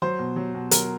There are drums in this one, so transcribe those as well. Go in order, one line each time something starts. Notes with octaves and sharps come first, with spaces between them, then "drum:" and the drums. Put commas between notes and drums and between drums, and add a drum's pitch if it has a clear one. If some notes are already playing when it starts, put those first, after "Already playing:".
F#3 C5
B2
F#3
B2
F#3 A#4, drum: hi-hat